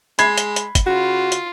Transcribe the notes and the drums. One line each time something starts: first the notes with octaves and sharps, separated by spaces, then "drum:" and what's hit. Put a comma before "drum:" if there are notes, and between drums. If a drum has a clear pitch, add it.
G#3 B5 G#6 C7, drum: hi-hat
drum: hi-hat
drum: hi-hat
drum: kick, hi-hat
C#3 F4 F#4
drum: hi-hat